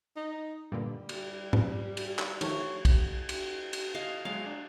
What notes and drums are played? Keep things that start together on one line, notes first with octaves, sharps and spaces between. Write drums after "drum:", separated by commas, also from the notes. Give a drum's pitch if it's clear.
D#4
G2 A#2 D3 G3
drum: cymbal
drum: tom G#2
drum: cymbal
drum: clap
D#3 F3 A3 C#5, drum: cymbal
drum: kick, cymbal
drum: cymbal
drum: cymbal
D#5 F5
F#3 G#3 F5
D4